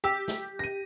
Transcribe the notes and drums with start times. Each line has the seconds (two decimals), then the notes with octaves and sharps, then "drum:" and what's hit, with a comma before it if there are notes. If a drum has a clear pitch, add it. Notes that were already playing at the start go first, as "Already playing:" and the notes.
0.04 G4 G5 E6
0.28 drum: snare
0.59 A#6 D#7